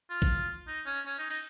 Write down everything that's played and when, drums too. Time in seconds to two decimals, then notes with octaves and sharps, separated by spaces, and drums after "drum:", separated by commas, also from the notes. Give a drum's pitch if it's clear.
0.10 F4
0.22 drum: kick A1
0.68 D#4
0.86 C#4
1.06 C#4
1.18 D#4
1.30 D#4, drum: cymbal